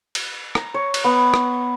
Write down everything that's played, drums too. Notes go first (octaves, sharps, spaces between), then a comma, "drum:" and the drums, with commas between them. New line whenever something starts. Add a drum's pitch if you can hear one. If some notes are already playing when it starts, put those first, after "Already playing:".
drum: cymbal
A#5, drum: rim click
C#5
drum: cymbal
B3
drum: rim click